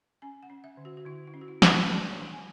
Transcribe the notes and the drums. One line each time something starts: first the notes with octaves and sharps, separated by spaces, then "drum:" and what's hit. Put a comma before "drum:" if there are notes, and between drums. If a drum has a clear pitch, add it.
C#4 G#5
F#5
C#4
E5
D3
F#4
F#4
D3 E4
E4
C#4
F#4
E4
D3, drum: snare
F#4
B4
D4 A4
D5
C#5
D4
G#5